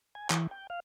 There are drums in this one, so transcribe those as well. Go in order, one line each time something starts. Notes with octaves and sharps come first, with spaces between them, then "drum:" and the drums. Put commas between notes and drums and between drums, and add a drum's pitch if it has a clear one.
G#5
E3, drum: clap
G5
F5